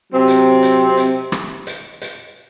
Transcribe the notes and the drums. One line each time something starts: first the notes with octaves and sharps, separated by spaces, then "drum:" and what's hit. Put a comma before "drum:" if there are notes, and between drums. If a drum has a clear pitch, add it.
C3 F#3 C4
drum: hi-hat
drum: hi-hat
drum: hi-hat
drum: rim click
drum: hi-hat
drum: hi-hat